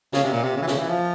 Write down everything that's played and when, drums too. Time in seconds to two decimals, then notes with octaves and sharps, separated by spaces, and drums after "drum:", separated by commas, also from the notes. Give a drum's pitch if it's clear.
0.13 C#3, drum: snare
0.24 C3
0.33 A#2
0.44 C3
0.56 C#3
0.62 E3
0.67 C#3, drum: snare
0.78 E3
0.89 F3